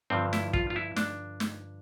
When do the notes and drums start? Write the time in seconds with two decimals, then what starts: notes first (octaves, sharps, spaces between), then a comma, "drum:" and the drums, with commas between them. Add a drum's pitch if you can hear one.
0.10 G2 D3 F3 C4
0.33 E4, drum: snare
0.54 F4, drum: kick
0.70 F4
0.76 E4
0.96 D4, drum: snare
1.40 drum: snare